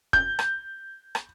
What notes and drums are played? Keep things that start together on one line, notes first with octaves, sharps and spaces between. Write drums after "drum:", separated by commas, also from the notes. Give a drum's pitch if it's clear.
G6, drum: kick
drum: rim click
drum: rim click